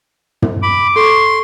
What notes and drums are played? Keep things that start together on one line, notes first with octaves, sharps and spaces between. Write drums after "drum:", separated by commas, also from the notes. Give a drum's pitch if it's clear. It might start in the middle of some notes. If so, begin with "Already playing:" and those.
drum: tom
B5 D6
A4 C6 C#6